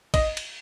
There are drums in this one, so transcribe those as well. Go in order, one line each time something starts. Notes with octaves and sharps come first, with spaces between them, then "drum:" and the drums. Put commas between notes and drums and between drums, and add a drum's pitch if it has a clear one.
D#5, drum: kick, cymbal
drum: cymbal